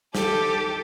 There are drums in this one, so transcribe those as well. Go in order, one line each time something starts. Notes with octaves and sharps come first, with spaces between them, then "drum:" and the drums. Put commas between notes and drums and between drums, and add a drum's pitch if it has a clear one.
G4 A4, drum: snare